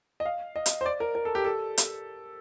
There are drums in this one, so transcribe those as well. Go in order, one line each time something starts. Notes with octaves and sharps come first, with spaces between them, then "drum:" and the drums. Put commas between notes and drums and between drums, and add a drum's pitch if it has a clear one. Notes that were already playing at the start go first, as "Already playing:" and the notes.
D#5
F5
D#5
drum: hi-hat
C5
D5
A#4
A#4
A4
G4
A4
drum: hi-hat